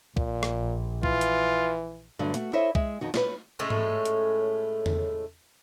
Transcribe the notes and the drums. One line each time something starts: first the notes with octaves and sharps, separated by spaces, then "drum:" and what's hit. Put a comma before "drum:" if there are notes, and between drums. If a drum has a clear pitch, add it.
A#1 A#2, drum: kick
drum: rim click
E3 F4, drum: kick
drum: hi-hat
G2 D3 F#3 A3
A3 F#4, drum: hi-hat
E4 A4 C5 C#5 D#5 E5
G#3 E5, drum: kick
F2 D#3 F#4
C#4 G4 B4, drum: snare
A2 G#3 A3 C#4
drum: tom G#2
drum: hi-hat
drum: tom E2